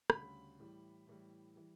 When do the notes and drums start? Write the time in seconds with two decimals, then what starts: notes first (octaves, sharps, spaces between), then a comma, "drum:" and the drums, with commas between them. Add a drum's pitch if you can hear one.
0.10 D2 C#3 G3 B5, drum: rim click
0.59 A2 E3 G3
1.07 A2 E3 G3
1.55 E3 G3